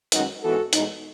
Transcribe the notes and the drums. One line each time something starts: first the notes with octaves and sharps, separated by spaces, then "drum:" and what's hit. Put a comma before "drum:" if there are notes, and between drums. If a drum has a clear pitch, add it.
F#2 D#3 G#3 C#4 D#4 F#4, drum: hi-hat
G#2 E3 B3 F#4 A4
E2 B2 G#3 D#4, drum: hi-hat